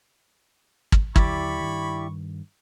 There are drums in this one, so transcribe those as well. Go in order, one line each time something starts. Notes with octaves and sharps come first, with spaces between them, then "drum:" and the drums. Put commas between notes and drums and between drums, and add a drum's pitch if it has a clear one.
drum: kick
D#2 D3 F#3 E4 G4 D5 B5 C#6, drum: kick
G2 D#3